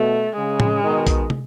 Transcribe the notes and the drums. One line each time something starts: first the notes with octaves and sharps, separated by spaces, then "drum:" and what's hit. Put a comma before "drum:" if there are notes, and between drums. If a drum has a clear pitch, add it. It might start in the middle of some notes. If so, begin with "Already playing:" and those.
Already playing: B2 A3
C#3 G#3
drum: tom A2
B2 D#3
drum: kick, hi-hat
drum: tom